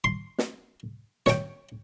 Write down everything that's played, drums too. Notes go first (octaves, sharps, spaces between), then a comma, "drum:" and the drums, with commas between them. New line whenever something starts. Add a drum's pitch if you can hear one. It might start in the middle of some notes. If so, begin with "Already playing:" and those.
C6
drum: snare
C#5 G5, drum: snare